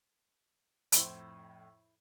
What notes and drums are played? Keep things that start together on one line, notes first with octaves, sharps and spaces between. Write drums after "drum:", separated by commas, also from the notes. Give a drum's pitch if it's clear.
F2 A2 E4 C5, drum: hi-hat